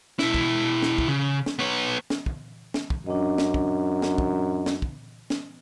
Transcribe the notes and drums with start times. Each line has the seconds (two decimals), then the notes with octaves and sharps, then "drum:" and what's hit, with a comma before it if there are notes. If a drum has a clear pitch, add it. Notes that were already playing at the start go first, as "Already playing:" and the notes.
0.19 B2 E4, drum: snare
0.34 drum: kick
0.82 drum: snare
0.98 drum: kick
1.08 C#3
1.46 drum: snare
1.59 B3 C#5
2.10 drum: snare
2.26 drum: kick
2.74 drum: snare
2.90 drum: kick
3.06 F#2 D4 D#5
3.38 drum: snare
3.54 drum: kick
4.02 drum: snare
4.18 drum: kick
4.66 drum: snare
4.82 drum: kick
5.30 drum: snare